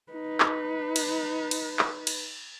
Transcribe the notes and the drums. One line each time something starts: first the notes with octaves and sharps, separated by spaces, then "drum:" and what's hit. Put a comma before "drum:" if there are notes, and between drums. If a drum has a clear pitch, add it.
D#4 B4
drum: clap
drum: cymbal
drum: cymbal
drum: clap
drum: cymbal